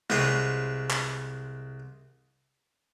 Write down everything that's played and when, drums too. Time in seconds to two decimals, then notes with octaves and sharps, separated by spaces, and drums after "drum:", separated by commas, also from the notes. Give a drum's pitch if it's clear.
0.10 C2 G#3 C4 B4 C#5, drum: snare
0.90 drum: clap